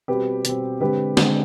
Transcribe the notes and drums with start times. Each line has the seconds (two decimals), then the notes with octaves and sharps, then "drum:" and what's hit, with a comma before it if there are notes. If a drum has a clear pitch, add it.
0.08 B2 G3 C4 G4 B4
0.45 B2 G3 C4, drum: hi-hat
0.80 D3 G#3 C4 G4 B4
1.17 D3 G#3 C4, drum: snare